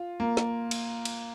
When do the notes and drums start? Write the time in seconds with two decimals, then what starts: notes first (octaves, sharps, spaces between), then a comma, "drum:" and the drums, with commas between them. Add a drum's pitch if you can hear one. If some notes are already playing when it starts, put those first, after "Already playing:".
Already playing: F4
0.20 A#3
0.37 drum: snare
0.71 drum: cymbal
1.05 drum: cymbal